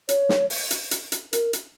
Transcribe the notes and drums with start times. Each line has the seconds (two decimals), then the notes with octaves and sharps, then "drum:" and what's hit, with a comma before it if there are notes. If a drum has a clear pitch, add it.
0.09 C#5, drum: hi-hat
0.29 drum: snare
0.50 drum: open hi-hat
0.71 drum: hi-hat
0.91 drum: hi-hat
1.12 drum: hi-hat
1.33 A#4, drum: hi-hat
1.53 drum: hi-hat